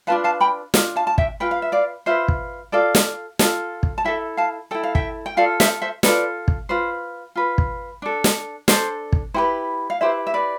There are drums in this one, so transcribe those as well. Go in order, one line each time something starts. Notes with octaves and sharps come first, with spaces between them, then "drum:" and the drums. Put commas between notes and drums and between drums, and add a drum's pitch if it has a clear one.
D4 F4 B4 F5 A5
F5 A5
G5 B5
D4 F4, drum: snare
F5 A5
A5
E5 G5, drum: kick
F4 B4 G5
F5
E5
D5 F5
F4 B4 C5 E5
drum: kick
F4 A4 D5 F5
drum: snare
F4 A4, drum: snare
drum: kick
A5
E4 A4 E5 G5
F5 A5
E4 A4 G5
F5
E5 G5, drum: kick
G5
F4 A4 D5 F5
C5 E5, drum: snare
C5 E5
F4 A4 B4 D5, drum: snare
drum: kick
F4 B4 C5
F4 B4
drum: kick
D4 A4
drum: snare
D4 A4 C5, drum: snare
drum: kick
E4 G4 B4 C5
F5
E4 G4 B4 C5 E5
E5
B4 D5